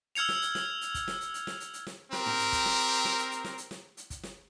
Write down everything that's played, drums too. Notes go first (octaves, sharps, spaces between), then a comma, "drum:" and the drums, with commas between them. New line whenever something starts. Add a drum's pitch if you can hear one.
E6 F6 G#6 C#7 F7, drum: hi-hat
drum: snare
drum: hi-hat
drum: snare
drum: hi-hat
drum: kick, hi-hat
drum: snare
drum: hi-hat
drum: hi-hat
drum: snare
drum: hi-hat
drum: hi-hat
drum: snare
C4 G4 A#4, drum: snare
drum: tom
drum: hi-hat
drum: kick, hi-hat
drum: snare
drum: hi-hat
drum: snare
drum: hi-hat
drum: hi-hat
drum: snare
drum: hi-hat
drum: snare
drum: hi-hat
drum: kick, hi-hat
drum: snare